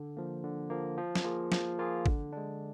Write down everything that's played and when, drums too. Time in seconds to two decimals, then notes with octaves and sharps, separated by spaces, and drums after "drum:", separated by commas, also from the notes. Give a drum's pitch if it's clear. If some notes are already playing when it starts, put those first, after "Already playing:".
Already playing: D3
0.17 F3 A#3
0.44 D3
0.70 F3 A#3
0.98 F3
1.15 drum: snare
1.24 A#3 F4 G#4
1.52 F3, drum: snare
1.79 A#3 F4 G#4
2.06 D3, drum: kick
2.33 G#3 D4